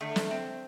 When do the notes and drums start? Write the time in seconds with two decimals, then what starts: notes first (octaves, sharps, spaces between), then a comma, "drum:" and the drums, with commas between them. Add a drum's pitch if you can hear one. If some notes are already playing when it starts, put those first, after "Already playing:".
0.01 D3 A3
0.16 drum: snare
0.31 C4